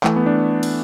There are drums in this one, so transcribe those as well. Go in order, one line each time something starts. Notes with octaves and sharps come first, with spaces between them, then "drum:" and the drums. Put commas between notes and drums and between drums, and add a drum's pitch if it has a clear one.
E3 A3, drum: clap
B3
D4
drum: cymbal